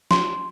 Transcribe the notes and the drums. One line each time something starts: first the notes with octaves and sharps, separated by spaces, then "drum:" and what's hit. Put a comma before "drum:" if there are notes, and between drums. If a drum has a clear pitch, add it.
C6, drum: snare